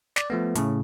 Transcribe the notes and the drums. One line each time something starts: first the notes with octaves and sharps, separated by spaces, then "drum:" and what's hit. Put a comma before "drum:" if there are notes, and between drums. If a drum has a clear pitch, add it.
D5, drum: snare
F3 A3 B3
A2 C#3, drum: hi-hat